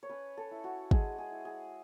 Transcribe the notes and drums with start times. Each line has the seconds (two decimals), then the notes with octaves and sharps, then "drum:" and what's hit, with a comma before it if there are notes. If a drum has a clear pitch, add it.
0.03 C#5
0.09 C#4 B4
0.37 A4
0.51 E4
0.64 F#4
0.91 G#3 G#4, drum: kick
1.18 G#4
1.32 E4
1.45 G#4